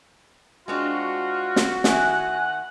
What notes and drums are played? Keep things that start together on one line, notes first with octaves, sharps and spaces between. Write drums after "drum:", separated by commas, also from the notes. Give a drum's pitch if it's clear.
G#3 C4 D4 F4 F#4
drum: snare
D#3 E4 F#5 G#5 F#6, drum: snare